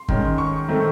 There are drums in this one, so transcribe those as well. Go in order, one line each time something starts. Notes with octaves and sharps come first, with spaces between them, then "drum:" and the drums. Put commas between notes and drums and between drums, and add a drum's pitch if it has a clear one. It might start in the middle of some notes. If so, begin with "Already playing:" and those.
Already playing: C6
D#3 G#3 C#4, drum: kick G1
C#6
D#3 A3 C4